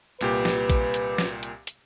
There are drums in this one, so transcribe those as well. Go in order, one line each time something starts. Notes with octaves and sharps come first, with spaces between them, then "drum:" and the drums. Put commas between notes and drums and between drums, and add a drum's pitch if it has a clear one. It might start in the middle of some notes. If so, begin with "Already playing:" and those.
C2 A#2 G4 B4, drum: hi-hat
drum: snare
drum: kick, hi-hat
drum: hi-hat
drum: snare
drum: hi-hat
drum: hi-hat